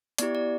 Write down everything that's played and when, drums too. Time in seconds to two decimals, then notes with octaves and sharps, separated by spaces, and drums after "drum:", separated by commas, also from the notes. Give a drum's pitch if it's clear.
0.18 B3 E4 G4 D5, drum: hi-hat
0.35 D5